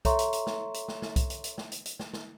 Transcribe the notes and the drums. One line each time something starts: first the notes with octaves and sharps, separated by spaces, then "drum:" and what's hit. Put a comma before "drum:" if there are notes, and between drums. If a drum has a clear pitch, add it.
A4 C#5 E5 A#5 C6 C#6, drum: kick C2, hi-hat
drum: hi-hat
drum: hi-hat
drum: snare
drum: hi-hat
drum: snare
drum: snare
drum: kick C2, hi-hat
drum: hi-hat
drum: hi-hat
drum: snare
drum: hi-hat
drum: hi-hat
drum: snare
drum: snare